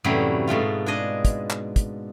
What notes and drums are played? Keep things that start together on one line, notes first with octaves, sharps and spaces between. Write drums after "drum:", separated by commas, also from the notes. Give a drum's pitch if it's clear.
F#2 A2 C3 E3 F#3 G3
G#2 B2 A3 F4
D4 G#4 D#5
drum: kick, hi-hat
drum: clap
drum: kick, hi-hat